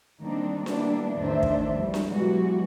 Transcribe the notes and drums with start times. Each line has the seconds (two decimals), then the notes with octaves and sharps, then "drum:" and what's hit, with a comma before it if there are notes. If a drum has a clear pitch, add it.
0.21 D#3 G3 A#3 C4 D4 D#4
0.66 G3 A#3 B3 D4 E4, drum: snare D4
1.17 E2 A2 D#3 D4 C5 E5
1.43 drum: kick
1.76 E3 F3 G3
1.94 drum: snare D4
2.10 B2 E3 F#3 G#3 F#4 G4